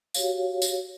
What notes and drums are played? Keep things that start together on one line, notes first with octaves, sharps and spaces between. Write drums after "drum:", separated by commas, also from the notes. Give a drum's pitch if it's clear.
F#4 G4 C#5 F5, drum: tambourine
drum: tambourine